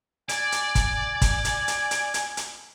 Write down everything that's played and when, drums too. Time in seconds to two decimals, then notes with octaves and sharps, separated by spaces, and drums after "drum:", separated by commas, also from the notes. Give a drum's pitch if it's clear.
0.29 D5 G#5, drum: hi-hat
0.52 drum: hi-hat
0.75 drum: kick, hi-hat
1.22 drum: kick, hi-hat
1.45 drum: hi-hat
1.68 drum: hi-hat
1.91 drum: hi-hat
2.14 drum: hi-hat
2.37 drum: hi-hat